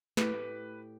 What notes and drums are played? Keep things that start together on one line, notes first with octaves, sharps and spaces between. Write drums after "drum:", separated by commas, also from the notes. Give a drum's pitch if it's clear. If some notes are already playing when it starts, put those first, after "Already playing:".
A2 G4 B4, drum: snare